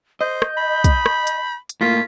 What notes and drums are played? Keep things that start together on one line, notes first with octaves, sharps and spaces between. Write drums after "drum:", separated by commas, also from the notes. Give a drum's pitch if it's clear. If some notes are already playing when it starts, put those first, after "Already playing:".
C5 D#5 G6
drum: rim click
B5
drum: kick, hi-hat
drum: rim click
drum: hi-hat
drum: hi-hat
A2 A#3 F4 B6